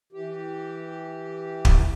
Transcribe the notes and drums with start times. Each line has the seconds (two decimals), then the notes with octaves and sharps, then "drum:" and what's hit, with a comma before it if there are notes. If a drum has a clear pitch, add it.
0.13 E3 G4
1.65 drum: kick